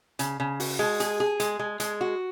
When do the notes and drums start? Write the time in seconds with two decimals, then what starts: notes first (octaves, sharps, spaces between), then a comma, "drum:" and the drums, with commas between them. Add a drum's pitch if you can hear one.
0.19 C#3, drum: hi-hat
0.40 C#3
0.60 F#4, drum: open hi-hat
0.79 G#3
1.00 G#4, drum: hi-hat
1.20 G#4
1.40 G#3, drum: hi-hat
1.59 G#3
1.80 G#3, drum: hi-hat
2.01 F#4